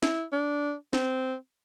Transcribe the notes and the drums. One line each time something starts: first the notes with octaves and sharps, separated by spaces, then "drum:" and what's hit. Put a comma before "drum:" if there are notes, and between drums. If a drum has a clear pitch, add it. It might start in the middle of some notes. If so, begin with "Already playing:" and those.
E4, drum: snare
D4
C4, drum: snare